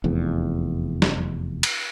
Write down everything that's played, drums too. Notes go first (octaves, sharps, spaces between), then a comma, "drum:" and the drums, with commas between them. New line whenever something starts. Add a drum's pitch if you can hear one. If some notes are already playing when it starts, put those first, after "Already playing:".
F1 E2
drum: snare
drum: cymbal